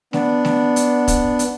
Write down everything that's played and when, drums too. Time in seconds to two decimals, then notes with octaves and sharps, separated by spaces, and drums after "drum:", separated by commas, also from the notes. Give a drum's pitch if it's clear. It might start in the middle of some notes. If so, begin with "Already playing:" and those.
0.13 B3 D4, drum: snare A3
0.45 drum: snare A3
0.76 drum: hi-hat
1.08 drum: kick, hi-hat
1.39 drum: hi-hat